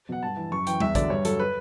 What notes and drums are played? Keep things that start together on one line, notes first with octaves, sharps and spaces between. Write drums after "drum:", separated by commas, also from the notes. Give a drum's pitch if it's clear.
B2 F#3 F#5
G2 A5
E3
F#2 C#6
E3 G5, drum: hi-hat
E2 E5, drum: tom G3
D3 F#3 D5, drum: kick, hi-hat
G2 C#5
F#3 A4, drum: hi-hat
B4